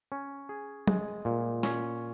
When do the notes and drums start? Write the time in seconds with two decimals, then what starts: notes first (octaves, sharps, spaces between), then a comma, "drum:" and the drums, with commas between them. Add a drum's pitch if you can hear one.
0.12 C#4
0.49 G#4
0.87 G#3, drum: tom
1.25 A#2
1.63 C#4, drum: snare